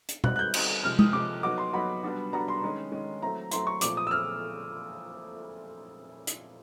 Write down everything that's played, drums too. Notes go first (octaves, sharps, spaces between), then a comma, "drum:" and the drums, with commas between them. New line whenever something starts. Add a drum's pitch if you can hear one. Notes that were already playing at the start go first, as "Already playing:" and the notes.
drum: hi-hat
G3 C4 D#4 F#4 F#6, drum: tom
F#6
G6
G3 C4 D#4 F#4, drum: cymbal
C3 F3 G#3 F6
D#6, drum: tom
C3 F3 G#3 D6
F#3 B3 D#4 F#4 D6
C6
F#3 B3 D#4 F#4 B5
G3 B3 D4 F#4
G3 B3 D4 F#4 A#5
C6
D#3 G#3 C#4
D#3 G#3 C#4
F#3 A3 C4 E4 A#5
F#3 A3 C4 E4 C6, drum: hi-hat
C#6
A#2 F3 A3 C4 D6, drum: hi-hat
D#6
E6
C4 F6
drum: hi-hat